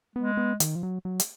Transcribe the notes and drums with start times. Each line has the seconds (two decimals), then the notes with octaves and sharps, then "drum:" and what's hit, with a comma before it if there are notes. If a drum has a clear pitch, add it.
0.15 G#3 B3
0.37 B3
0.60 D#3, drum: hi-hat
0.75 F3
0.83 F#3
1.05 F#3
1.20 drum: hi-hat